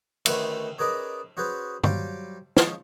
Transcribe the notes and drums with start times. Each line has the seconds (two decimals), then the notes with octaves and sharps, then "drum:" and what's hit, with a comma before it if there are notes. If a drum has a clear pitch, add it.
0.26 D2 D#3 A3 C#4 B4 C6, drum: cymbal
0.79 C#4 G#4 A#4 B4 D5 D#5
1.37 C#4 F#4 G#4 B4 C5
1.84 F#3 G3 C5 D5 F5, drum: tom
2.57 F3 G#3 C#4, drum: snare